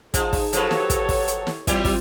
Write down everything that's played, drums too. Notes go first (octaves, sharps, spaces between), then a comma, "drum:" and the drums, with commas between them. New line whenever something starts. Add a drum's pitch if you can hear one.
F3 D#4 G#4, drum: kick, hi-hat
drum: kick, open hi-hat
F3 F#3 G4 A4 B4 C#5, drum: hi-hat
drum: snare
drum: kick, hi-hat
drum: kick, open hi-hat
drum: hi-hat
drum: snare
E3 F#3 G3 C4 F4 G4, drum: kick, hi-hat
drum: kick, open hi-hat